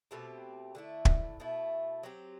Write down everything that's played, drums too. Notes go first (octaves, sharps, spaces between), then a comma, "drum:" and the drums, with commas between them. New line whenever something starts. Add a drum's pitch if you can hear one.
B2 A3 C4 G4
D3 A3 E4
drum: kick
B2 A3 E4
F#3 C4 G4